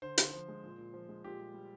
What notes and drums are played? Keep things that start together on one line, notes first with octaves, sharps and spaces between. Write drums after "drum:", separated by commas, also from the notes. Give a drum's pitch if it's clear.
D3 C5
D3, drum: hi-hat
F3
G#3
A#2
A#2
F3
G#3
A#2 G4
G3
G3